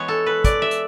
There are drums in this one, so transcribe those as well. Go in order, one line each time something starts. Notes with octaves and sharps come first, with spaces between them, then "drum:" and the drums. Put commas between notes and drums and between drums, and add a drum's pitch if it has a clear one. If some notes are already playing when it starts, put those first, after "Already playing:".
Already playing: E3 G#3 B3 C#5
A4
B4
D5, drum: kick, hi-hat
E5
drum: hi-hat